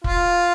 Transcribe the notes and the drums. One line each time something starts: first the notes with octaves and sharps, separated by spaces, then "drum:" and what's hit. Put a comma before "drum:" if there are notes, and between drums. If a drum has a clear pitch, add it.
F4, drum: kick